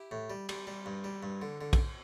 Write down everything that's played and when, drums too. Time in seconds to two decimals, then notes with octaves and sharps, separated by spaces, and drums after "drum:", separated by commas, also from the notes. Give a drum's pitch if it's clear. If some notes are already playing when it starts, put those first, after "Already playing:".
Already playing: E4 G4
0.11 A2
0.30 G3
0.49 G3, drum: cymbal
0.67 G3
0.86 G2
1.04 G3
1.23 G2
1.42 D3
1.61 D3
1.73 drum: kick A#1, cymbal